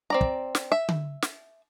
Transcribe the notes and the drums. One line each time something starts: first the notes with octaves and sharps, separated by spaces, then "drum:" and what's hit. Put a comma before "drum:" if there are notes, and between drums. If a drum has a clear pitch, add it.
C4 D5 A#5
drum: kick
drum: snare
E5
drum: tom D3
drum: snare